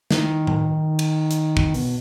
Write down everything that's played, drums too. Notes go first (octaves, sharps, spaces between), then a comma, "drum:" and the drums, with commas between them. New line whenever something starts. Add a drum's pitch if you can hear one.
D#3, drum: snare
drum: tom A2
drum: cymbal
drum: hi-hat
drum: kick
B2, drum: open hi-hat